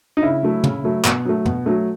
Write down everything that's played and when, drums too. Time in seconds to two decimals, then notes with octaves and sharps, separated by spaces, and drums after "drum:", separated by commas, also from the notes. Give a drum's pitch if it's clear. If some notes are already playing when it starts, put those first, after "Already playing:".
0.17 D#4
0.23 C#3 E4
0.43 F#3 A3
0.64 C#3, drum: tom
0.84 F#3 A3
1.05 B2, drum: clap
1.25 F#3 A3
1.45 B2, drum: tom
1.66 F#3 A3